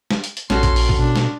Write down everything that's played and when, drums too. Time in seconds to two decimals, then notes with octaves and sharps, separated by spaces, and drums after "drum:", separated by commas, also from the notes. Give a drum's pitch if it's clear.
0.11 drum: snare
0.24 drum: hi-hat
0.37 drum: hi-hat
0.50 A#1 C#4 F#4 A4 C6, drum: snare
0.63 drum: kick, hi-hat
0.76 drum: open hi-hat
0.89 drum: kick
0.98 B2 D4
1.16 drum: snare